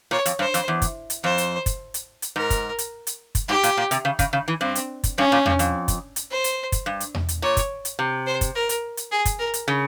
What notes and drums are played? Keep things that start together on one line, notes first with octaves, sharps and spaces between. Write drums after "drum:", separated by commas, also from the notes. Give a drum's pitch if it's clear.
A#2 C#5
F2, drum: hi-hat
G2 C5
F2, drum: hi-hat
E2
drum: kick, hi-hat
drum: hi-hat
F2 C5
drum: hi-hat
drum: kick, hi-hat
drum: hi-hat
drum: hi-hat
G#2 A#4
drum: kick, hi-hat
drum: hi-hat
drum: hi-hat
drum: kick, hi-hat
G#2 G4
A#2, drum: hi-hat
A#2
C3, drum: hi-hat
C#3
C#3, drum: kick, hi-hat
C#3
E3
G2 C4
drum: hi-hat
drum: kick, hi-hat
G2 C#4
A#2
G2, drum: tom E2
F2, drum: hi-hat
drum: kick, hi-hat
drum: hi-hat
C5
drum: hi-hat
drum: kick, hi-hat
G2
drum: hi-hat
drum: tom E2
drum: hi-hat
A#2 C#5
drum: kick, hi-hat
drum: hi-hat
C3
C5
drum: kick, hi-hat
A#4
drum: hi-hat
drum: hi-hat
G#4
drum: kick, hi-hat
A#4
drum: hi-hat
C#3